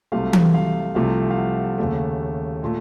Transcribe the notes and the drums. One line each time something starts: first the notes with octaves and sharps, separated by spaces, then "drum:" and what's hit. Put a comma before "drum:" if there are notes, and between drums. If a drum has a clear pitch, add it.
C2 C3 F#3 A3 F5
drum: tom E3
F5
C2 C3 F3 A3 F5
F5
F#5
D#2 C#3 A3
A#2 A3